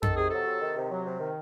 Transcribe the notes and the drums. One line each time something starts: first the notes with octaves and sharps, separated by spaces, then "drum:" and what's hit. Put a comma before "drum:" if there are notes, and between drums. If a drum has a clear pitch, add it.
D#3 A4, drum: tom F2
C3 G#4
F#3 A4
C3
D#3
C3
F#3
C3
D#3